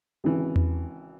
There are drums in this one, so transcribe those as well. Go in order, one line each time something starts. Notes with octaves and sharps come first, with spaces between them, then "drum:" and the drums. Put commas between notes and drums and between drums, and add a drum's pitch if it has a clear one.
G#1 C#3 E3
drum: tom E2